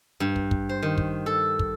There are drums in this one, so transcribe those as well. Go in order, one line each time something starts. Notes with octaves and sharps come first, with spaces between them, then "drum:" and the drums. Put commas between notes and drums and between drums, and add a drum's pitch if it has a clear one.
G2
drum: kick
drum: kick
C5
D#3
drum: kick
A4
drum: kick